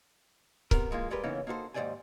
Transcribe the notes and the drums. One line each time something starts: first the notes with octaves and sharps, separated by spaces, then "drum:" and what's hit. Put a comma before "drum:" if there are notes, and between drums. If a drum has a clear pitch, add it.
C3 B3 A#4, drum: kick C#1
E3 G#3 A#3 F4
G3 G#3 G4 A#4 B4
C#3 E3 A#3 B3 C#4 D#4
A#3 D#4 F#4 A4 C5
D#2 G#2 C5 D5 G5 G#5